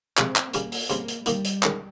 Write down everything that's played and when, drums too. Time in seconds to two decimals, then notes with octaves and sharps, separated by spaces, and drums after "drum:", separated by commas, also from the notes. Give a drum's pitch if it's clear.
0.18 C3 F3 G#3 C4, drum: clap
0.36 drum: clap
0.53 C#3 G3 A#3 C#4, drum: hi-hat
0.72 drum: open hi-hat
0.90 C#3 G3 A#3 C4, drum: hi-hat
1.08 drum: hi-hat
1.26 D#3 G3 A#3 D#4, drum: hi-hat
1.45 drum: hi-hat
1.63 D#3 G#3 C#4, drum: clap